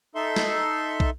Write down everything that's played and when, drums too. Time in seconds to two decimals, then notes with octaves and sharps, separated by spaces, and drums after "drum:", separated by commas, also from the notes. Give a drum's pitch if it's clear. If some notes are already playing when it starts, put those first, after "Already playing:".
0.15 D#4 A4 E5 C6
0.36 drum: snare
1.00 drum: kick